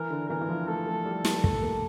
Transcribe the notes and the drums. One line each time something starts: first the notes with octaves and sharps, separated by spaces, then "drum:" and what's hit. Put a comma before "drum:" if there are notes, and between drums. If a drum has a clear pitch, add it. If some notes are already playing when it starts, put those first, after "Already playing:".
Already playing: E3 A#4
D3
E3 A#4
E3
F3
A3 A4
A3
G3
G3, drum: snare
A3, drum: kick
A#3